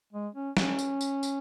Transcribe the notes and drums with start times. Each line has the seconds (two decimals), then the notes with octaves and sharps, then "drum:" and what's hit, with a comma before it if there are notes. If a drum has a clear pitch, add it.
0.13 G#3
0.35 C#4
0.57 C#4, drum: snare
0.79 drum: tambourine
1.01 drum: tambourine
1.23 drum: tambourine